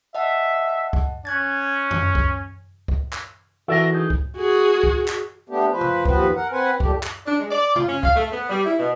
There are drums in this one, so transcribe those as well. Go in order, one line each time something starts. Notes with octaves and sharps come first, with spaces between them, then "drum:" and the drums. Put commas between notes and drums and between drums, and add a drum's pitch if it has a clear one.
D#5 E5 F#5 A5
drum: kick
C#4 F#6 G#6 A6
drum: tom F2
drum: kick
drum: kick
drum: clap
E3 F#4 A4 A#4 D5 E5
D#4 G#4
drum: kick
F#4 G#4
drum: kick
drum: clap
A3 B3 D4 G4
F3 B4 C5
drum: tom
D#2 F3 B3 C4 B4 C5, drum: kick
A#4 F#5
C4 B4 C5 F#5 G#5
A#2 G3 A3 G4, drum: kick
drum: clap
D4
G#3
D5
F4, drum: tom
C#4
F5, drum: kick
A3
B3
G3
E4
B2